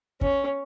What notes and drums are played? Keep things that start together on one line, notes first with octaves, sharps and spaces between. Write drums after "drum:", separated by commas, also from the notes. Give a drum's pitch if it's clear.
C#4, drum: kick